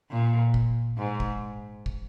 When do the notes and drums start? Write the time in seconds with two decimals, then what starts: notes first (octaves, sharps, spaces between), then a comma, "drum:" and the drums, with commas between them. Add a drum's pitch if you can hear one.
0.11 A#2
0.54 drum: kick
0.98 G#2
1.20 drum: kick
1.86 drum: kick